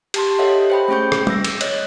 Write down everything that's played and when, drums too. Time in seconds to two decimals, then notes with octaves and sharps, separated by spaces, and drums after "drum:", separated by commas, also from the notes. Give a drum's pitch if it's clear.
0.14 G4 A5 C6, drum: cymbal
0.39 G4 A4 C#5 D#5 E5 F#5
0.70 C5 G5 B5
0.88 A3 C4 C#4 G#4 C#6 G6
1.12 drum: rim click
1.27 D6 E6 A#6, drum: tom
1.44 drum: cymbal
1.61 C#5 D#5 F#6, drum: cymbal